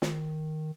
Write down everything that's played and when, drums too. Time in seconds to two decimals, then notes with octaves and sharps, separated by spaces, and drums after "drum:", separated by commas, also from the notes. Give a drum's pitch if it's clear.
0.02 D#3, drum: snare